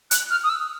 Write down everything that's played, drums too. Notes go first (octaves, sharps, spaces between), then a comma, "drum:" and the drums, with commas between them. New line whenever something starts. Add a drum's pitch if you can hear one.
F#6, drum: hi-hat
F6
D#6
E6